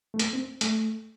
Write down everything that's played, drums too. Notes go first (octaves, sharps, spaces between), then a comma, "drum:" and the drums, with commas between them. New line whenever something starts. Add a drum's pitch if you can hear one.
A3
A#3, drum: hi-hat
C4
A3, drum: hi-hat